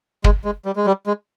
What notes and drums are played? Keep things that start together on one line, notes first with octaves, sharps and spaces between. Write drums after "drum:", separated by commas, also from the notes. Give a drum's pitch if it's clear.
G#3, drum: kick
G#3
G3
G#3
G3
G#3